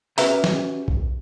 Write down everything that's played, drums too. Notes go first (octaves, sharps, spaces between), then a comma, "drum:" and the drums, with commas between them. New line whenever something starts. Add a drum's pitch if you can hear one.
C#4 F#4 G4 B4 E5 A#5, drum: hi-hat
drum: snare
drum: kick B1